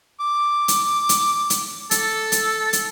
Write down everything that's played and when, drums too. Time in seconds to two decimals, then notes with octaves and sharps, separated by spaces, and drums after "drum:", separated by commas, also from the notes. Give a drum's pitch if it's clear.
0.20 D6
0.68 drum: hi-hat
1.09 drum: hi-hat
1.50 drum: hi-hat
1.91 A4, drum: hi-hat
2.32 drum: hi-hat
2.73 drum: hi-hat